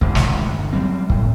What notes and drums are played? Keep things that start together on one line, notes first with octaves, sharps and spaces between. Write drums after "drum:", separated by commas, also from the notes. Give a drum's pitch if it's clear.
D#1 A1 D2 G#3, drum: kick
drum: snare
G1
F#3 G3 C4
A2, drum: kick